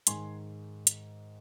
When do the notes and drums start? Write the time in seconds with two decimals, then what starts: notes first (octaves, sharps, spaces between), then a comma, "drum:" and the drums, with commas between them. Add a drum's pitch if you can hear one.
0.07 G#2 D#3 G#3 G#5 C6, drum: hi-hat
0.87 drum: hi-hat